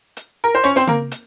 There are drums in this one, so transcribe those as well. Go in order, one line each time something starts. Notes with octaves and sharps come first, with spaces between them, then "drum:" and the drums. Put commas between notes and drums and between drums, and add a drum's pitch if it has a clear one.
drum: hi-hat
A#4
C5
C#4 C#5, drum: hi-hat
C4 C5
A#3 A#4, drum: tom C#3
drum: hi-hat